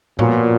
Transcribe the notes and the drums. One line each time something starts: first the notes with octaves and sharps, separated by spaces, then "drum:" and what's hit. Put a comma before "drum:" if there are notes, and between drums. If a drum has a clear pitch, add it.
A#2 F3 B3 F#4 C#5, drum: tom A2